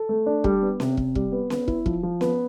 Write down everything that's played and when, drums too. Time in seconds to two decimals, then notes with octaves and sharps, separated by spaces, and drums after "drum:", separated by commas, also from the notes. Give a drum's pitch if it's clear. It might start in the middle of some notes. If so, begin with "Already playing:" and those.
Already playing: A4
0.09 A3
0.26 D4
0.44 G3, drum: kick
0.62 B3
0.80 C3, drum: snare C#4
0.97 C3, drum: kick
1.15 G3, drum: kick
1.32 B3
1.50 B3, drum: snare C#4
1.68 E4, drum: kick
1.86 F3, drum: kick
2.03 F3
2.21 B3, drum: snare C#4